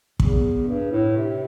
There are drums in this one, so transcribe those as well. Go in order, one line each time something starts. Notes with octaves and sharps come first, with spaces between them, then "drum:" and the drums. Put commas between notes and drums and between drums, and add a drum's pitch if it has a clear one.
E2, drum: kick
G2
A2
C3